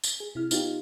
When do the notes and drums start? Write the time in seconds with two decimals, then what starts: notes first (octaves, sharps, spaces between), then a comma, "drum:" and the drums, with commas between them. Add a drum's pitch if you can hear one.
0.04 drum: tambourine
0.20 G#4
0.35 C3 E4 F6
0.51 B3 D#4 F4 G4, drum: tambourine